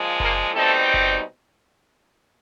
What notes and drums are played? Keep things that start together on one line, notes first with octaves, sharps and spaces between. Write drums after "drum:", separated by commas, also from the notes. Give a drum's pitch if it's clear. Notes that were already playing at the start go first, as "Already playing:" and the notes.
Already playing: A#2 F3 G#3
A#3 A#4, drum: kick F#1
B2 G3 A3 C4 D#4 A4
drum: kick F#1